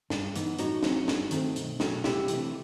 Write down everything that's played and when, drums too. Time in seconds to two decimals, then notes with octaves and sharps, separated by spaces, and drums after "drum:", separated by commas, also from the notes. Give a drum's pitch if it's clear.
0.10 G2, drum: snare
0.36 E3 B3 D#4, drum: hi-hat
0.59 A2 D#4 F#4, drum: hi-hat
0.83 F#3 C4, drum: snare
1.08 G2, drum: snare
1.31 D#3 A3 C4, drum: hi-hat
1.56 B1, drum: hi-hat
1.80 B2 F#3 A3, drum: snare
2.04 C2 E4 G4, drum: snare
2.28 C3 E3 A3, drum: hi-hat